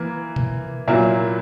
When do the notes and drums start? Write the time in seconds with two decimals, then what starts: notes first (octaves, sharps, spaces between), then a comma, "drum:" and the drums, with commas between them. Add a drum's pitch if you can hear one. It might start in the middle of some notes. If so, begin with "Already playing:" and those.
Already playing: E3 A#3
0.36 drum: tom B2
0.88 A#2 F#3 A#3 E4